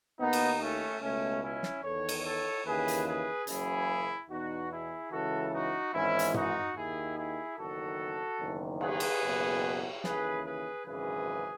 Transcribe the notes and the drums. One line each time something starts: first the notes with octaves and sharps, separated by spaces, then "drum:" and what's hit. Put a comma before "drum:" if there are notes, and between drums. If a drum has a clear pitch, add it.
D#2 D#3 B3 D#4
drum: cymbal
A3 C#4
C#2 B2 A3 C#4
C#4 E4
drum: snare
E2 D#3 A4 C#5
drum: cymbal
A4 C#5
D#2 C#3 E3 G#4 B4
drum: hi-hat
G#4 B4
F#1 F#2 C#3 E3 E4 G#4, drum: hi-hat
E2 B2 D#4 F#4
E4 G#4
C#2 C#3 E3 F#4 A4
D#4 F#4
G#1 G#2 E3 C#4 E4
drum: hi-hat
D#4 F#4, drum: tom
D#2 D#3 E4 G#4
E4 G#4
F#1 E2 D#3 F#4 A4
F#1 E2 D#3
G#4 B4, drum: cymbal
drum: cymbal
F#1 E2 B2
D#2 C#3 E3 G#4 B4, drum: snare
G#4 B4
G#1 F#2 C#3 E3 G#4 B4